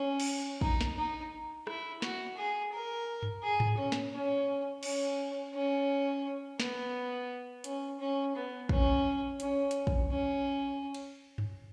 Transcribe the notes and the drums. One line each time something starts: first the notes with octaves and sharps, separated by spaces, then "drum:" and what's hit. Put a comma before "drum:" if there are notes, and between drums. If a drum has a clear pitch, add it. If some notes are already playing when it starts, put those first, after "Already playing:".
Already playing: C#4
drum: cymbal
D#4, drum: kick
drum: snare
D#4
E4, drum: rim click
F#4, drum: snare
G#4
A#4
drum: tom G2
G#4
drum: tom G#2
C#4
drum: snare
C#4
C#4, drum: cymbal
C#4
B3, drum: snare
C#4, drum: hi-hat
C#4
B3
C#4, drum: kick
C#4, drum: hi-hat
drum: hi-hat
drum: kick
C#4
drum: cymbal
drum: tom G2